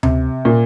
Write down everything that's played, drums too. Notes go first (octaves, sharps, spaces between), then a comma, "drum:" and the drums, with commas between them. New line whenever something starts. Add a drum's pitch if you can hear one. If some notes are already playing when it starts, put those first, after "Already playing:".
C3, drum: tom D2
A#2